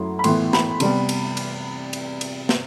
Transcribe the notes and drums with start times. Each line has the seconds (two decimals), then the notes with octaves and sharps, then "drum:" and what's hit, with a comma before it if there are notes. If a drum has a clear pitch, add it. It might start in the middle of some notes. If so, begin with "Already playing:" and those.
Already playing: F#2 F#3 A3 E4 C6
0.19 B5
0.24 A2 E3 B3 E4 C6, drum: cymbal
0.53 B5, drum: snare
0.80 C3 G3 B3, drum: cymbal
1.09 drum: cymbal
1.37 drum: cymbal
1.93 drum: cymbal
2.21 drum: cymbal
2.49 drum: snare